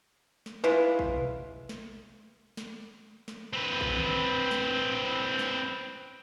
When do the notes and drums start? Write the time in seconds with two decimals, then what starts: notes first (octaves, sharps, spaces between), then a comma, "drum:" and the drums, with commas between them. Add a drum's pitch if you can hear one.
0.46 drum: snare
0.64 G#3 E4 F4 B4
0.99 drum: kick
1.17 drum: tom B2
1.69 drum: snare
2.57 drum: snare
3.28 drum: snare
3.53 C4 B4
3.81 drum: kick
3.98 drum: tom D3
4.51 drum: snare
5.39 drum: snare